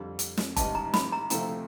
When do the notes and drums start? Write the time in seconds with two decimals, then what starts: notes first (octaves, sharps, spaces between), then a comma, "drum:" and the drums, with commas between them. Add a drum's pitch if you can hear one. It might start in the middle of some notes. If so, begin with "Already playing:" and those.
Already playing: F2 D3 G3
0.19 drum: hi-hat
0.37 drum: snare
0.56 A1 G#2 D#3 G3 A5, drum: kick F1, hi-hat
0.75 A#5
0.94 B5, drum: snare
1.12 A#5
1.30 D2 C3 F3 A3 C4 A#5, drum: hi-hat